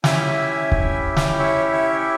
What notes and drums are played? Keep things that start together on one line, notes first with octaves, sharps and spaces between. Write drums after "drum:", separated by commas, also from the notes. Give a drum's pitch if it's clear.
C#4 E4 G4 E5 G#5, drum: snare
drum: kick C#1
drum: snare
C#5 E5
C#5 E5